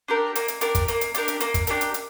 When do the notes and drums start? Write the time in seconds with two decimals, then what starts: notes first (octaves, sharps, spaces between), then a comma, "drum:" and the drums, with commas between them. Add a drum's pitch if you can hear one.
0.08 D4 G4 A#4
0.35 A#3, drum: hi-hat
0.48 drum: hi-hat
0.61 D4 G4 A#4, drum: hi-hat
0.75 drum: kick, hi-hat
0.88 A#3, drum: hi-hat
1.01 drum: hi-hat
1.14 D4 G4 A#4, drum: hi-hat
1.28 drum: hi-hat
1.40 A#3, drum: hi-hat
1.54 drum: kick, hi-hat
1.67 D4 G4 A#4, drum: hi-hat
1.81 drum: hi-hat
1.94 drum: hi-hat